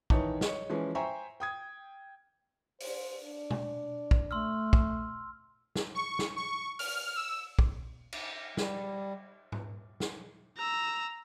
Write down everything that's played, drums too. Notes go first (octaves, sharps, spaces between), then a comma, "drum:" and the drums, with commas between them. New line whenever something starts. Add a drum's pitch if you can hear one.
D#3 E3 D#4 C#5 A5, drum: kick
C#5 D#5, drum: snare
E3 F3 G#3 C#4
C5 E5 G5 G#5 A#5 C#6
G5 D#6 G#6
C5, drum: open hi-hat
D4
drum: tom
drum: kick
A3 C6 E6 F6
drum: kick
drum: snare
C#6
drum: snare
C#6
F6, drum: open hi-hat
E6
drum: kick
drum: cymbal
G3, drum: snare
drum: tom G#2
drum: snare
A#5 E6